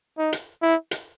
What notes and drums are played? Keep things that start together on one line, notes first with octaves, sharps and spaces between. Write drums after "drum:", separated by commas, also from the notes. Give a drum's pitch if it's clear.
D#4
drum: hi-hat
E4
drum: hi-hat